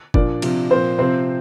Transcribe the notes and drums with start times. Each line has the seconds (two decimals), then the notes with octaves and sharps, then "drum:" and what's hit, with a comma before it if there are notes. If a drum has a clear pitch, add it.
0.14 A#2 F3 D4 D5, drum: kick F#1
0.42 C3 F3, drum: cymbal
0.70 A#2 F3 C4 C5
0.98 C3 F3 C4 C5